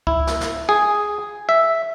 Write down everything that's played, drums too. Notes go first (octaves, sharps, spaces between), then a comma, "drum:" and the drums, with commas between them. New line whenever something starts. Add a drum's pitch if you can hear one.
E4, drum: kick C#2
drum: snare
drum: snare
G#4
E5